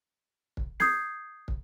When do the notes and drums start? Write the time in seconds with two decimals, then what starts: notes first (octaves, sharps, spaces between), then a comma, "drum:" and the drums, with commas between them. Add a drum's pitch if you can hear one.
0.57 drum: kick
0.80 D#6 G6 G#6 C7, drum: snare
1.48 drum: kick